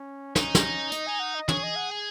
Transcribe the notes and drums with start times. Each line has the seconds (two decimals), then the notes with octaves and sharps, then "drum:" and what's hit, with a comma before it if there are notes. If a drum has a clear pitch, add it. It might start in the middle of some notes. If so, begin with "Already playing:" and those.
Already playing: C#4
0.36 C#4 D#4, drum: snare
0.55 drum: snare
0.92 D#5, drum: hi-hat
1.07 G#5
1.20 F#5
1.35 D#5
1.48 G#4 C#5, drum: tom
1.63 D#5
1.76 F#5
1.91 G#5